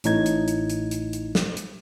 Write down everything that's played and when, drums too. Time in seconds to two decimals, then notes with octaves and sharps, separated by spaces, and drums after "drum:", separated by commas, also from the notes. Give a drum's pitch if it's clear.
0.04 A1 A2 D#4 G#6, drum: hi-hat
0.26 drum: hi-hat
0.48 drum: hi-hat
0.70 drum: hi-hat
0.91 drum: hi-hat
1.13 drum: hi-hat
1.35 drum: snare
1.57 drum: hi-hat